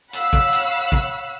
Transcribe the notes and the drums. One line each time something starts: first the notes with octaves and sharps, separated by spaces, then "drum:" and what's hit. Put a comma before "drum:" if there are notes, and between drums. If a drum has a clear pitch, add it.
C#5 F5 F#5 B5 E6 F#6, drum: hi-hat
drum: kick
drum: hi-hat
drum: kick